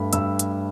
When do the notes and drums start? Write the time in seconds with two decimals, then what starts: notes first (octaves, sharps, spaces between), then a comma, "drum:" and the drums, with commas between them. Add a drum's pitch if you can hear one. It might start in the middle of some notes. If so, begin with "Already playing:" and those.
Already playing: G2 A3 B5
0.13 G2 E6, drum: hi-hat
0.39 drum: hi-hat